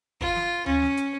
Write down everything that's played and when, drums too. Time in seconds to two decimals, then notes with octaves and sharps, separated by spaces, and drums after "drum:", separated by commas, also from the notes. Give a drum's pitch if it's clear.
0.21 F4, drum: kick
0.36 drum: snare
0.66 C#4, drum: tom D2
0.82 drum: snare
0.97 drum: hi-hat